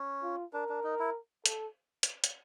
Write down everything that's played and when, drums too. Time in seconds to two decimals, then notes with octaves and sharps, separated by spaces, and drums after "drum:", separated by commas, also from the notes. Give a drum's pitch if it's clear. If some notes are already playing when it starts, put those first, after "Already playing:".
Already playing: C#4
0.23 F4
0.53 D4 A#4
0.69 D4
0.84 D#4
0.99 E4
1.46 A4, drum: hi-hat
2.03 drum: hi-hat
2.24 drum: hi-hat